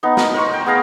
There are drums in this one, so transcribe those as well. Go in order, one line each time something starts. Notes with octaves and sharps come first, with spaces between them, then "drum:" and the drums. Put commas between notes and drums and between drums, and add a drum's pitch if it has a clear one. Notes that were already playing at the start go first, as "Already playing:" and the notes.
B3 D#4
A#4, drum: snare
A#4 C5 C#6
G5
B3 G#4 F5 A#5